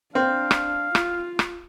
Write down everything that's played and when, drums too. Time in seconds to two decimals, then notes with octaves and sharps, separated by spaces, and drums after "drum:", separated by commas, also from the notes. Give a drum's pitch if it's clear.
0.15 C4 D4 F5
0.51 drum: rim click
0.95 F4, drum: rim click
1.39 drum: rim click